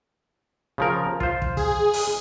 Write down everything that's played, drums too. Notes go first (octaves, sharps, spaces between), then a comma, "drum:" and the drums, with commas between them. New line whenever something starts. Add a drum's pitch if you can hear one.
C#3 F3 A#4
F4 C5, drum: kick
drum: kick
G#4, drum: kick
drum: open hi-hat